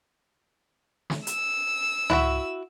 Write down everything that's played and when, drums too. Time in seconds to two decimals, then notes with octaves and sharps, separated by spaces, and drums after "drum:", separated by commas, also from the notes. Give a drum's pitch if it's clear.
1.10 drum: snare
1.27 E6, drum: hi-hat
2.10 E4 F#4 E5, drum: tom